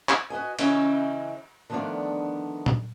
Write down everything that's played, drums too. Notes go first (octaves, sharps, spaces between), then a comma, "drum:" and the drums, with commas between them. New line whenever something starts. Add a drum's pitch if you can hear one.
drum: clap
F#4 B4 D#5 G#5
C#3 E3 C#4 D#5 E5 G#5, drum: cymbal
D3 D#3 F3 A3 B3 D4
drum: tom A#2